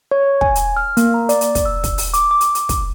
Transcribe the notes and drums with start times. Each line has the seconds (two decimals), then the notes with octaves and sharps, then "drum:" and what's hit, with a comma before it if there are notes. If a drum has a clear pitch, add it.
0.11 C#5
0.41 G#5, drum: kick
0.55 drum: hi-hat
0.77 F6
0.97 A#3, drum: hi-hat
1.14 A#5
1.29 D5, drum: hi-hat
1.41 drum: hi-hat
1.55 drum: kick, hi-hat
1.65 E6
1.84 drum: kick, hi-hat
1.98 drum: open hi-hat
2.14 D6, drum: hi-hat
2.31 D6
2.41 drum: hi-hat
2.55 drum: hi-hat
2.69 drum: kick, hi-hat